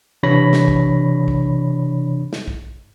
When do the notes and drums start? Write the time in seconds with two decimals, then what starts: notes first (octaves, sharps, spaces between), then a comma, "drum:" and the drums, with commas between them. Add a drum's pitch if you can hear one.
0.23 C3 E3 D4 C#5 B5 A#6
0.53 drum: snare
0.68 drum: kick
1.28 drum: kick
2.33 drum: snare
2.48 drum: kick